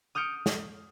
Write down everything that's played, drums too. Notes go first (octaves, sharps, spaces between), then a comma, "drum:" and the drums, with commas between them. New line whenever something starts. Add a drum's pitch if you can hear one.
D#6 F6 G6 C#7 D7
drum: snare